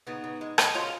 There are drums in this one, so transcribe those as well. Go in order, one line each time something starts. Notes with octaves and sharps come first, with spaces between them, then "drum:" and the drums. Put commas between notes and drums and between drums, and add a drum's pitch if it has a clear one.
C#3 B3 D#4
C#3
G#3
G#3, drum: rim click
C#3 C#4 F4